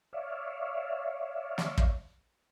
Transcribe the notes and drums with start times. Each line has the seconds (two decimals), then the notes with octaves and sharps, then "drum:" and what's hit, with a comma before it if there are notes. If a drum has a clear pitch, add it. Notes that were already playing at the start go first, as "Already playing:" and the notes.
0.13 C#5 D5 E5 F5
1.58 drum: snare
1.78 drum: kick